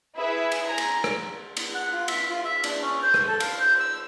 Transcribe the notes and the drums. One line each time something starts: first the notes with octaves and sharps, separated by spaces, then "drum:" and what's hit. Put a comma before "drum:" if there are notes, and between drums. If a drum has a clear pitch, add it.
E4 G#4 B4 E5
drum: cymbal
G#5 A#5
drum: cymbal
drum: rim click
drum: cymbal
F#5
F4
E5, drum: cymbal
F4
E5
D4, drum: cymbal
C#4
C5
drum: rim click
A4
F5, drum: cymbal
C5
E6